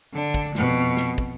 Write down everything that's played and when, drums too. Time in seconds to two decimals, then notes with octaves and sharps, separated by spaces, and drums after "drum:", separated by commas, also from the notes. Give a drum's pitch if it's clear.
0.13 D3 D4
0.34 drum: kick
0.55 F2 B2, drum: snare
0.97 drum: snare
1.18 drum: kick